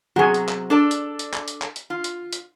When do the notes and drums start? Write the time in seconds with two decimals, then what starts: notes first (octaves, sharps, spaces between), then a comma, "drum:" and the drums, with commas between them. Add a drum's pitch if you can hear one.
0.16 C3 F#3 F#4 G#4 G#5
0.34 drum: hi-hat
0.49 drum: clap
0.70 D4 A4 D5
0.91 drum: hi-hat
1.19 drum: hi-hat
1.33 drum: clap
1.48 drum: hi-hat
1.62 drum: clap
1.76 drum: hi-hat
1.90 F4
2.04 drum: hi-hat
2.33 drum: hi-hat